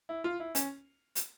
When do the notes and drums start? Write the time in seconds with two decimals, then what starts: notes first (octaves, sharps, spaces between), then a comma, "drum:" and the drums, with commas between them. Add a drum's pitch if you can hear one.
0.09 E4
0.24 F4
0.40 E4
0.55 C#4, drum: hi-hat
1.15 drum: hi-hat